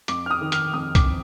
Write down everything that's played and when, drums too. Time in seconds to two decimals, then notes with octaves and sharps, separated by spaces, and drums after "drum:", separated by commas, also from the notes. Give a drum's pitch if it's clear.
0.08 F2 D6, drum: hi-hat
0.26 F6
0.31 D#6
0.41 D#3
0.52 F6, drum: hi-hat
0.73 F2 D#6
0.95 D6, drum: kick B1, hi-hat
1.06 C4